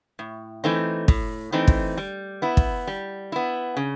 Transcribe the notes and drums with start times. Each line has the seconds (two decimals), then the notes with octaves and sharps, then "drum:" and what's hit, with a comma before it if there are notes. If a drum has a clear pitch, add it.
0.19 A2
0.64 E3 A3 C4 D#4
1.08 A2, drum: kick
1.52 E3 A3 C4 D#4
1.68 drum: kick
1.97 G3
2.42 B3 E4
2.57 drum: kick
2.87 G3
3.32 B3 E4
3.77 C#3